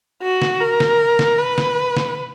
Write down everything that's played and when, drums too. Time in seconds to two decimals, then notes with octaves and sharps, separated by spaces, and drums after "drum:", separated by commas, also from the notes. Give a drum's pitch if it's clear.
0.23 F#4
0.42 drum: snare
0.61 A#4
0.80 drum: snare
1.19 drum: snare
1.39 B4
1.58 drum: snare
1.97 drum: snare